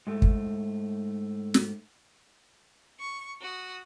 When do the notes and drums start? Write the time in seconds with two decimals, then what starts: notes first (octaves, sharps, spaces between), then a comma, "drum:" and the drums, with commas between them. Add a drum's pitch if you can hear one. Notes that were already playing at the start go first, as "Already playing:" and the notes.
0.07 G#2 A3
0.22 drum: kick
1.54 drum: snare
3.00 C#6
3.42 F#4 D#6